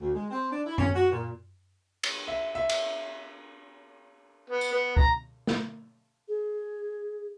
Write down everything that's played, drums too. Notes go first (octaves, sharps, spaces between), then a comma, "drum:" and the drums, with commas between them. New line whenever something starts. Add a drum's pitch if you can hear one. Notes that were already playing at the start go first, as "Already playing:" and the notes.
D2
G#3
C4
D4
E4
C#4, drum: tom F#2
F#4
A#2
drum: cymbal
E5
E5
drum: cymbal
B3
drum: tambourine
B3
A#5, drum: kick
drum: snare
G#4